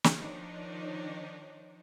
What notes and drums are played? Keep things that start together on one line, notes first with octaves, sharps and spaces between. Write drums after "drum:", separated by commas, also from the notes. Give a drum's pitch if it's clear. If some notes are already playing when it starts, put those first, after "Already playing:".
drum: snare
D#3 F3 D4 D#4 C5 C#5